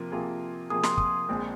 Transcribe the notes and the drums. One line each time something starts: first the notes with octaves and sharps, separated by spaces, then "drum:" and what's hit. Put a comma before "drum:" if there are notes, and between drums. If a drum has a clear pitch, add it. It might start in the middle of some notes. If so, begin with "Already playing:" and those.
Already playing: C3 F3 A#3 F4
C3 F3 A#3 F4 G#4
C3 F3 A#3 F4 G#4 D#6
C6, drum: snare
D#6, drum: kick
A#1 A#2 G#3 C4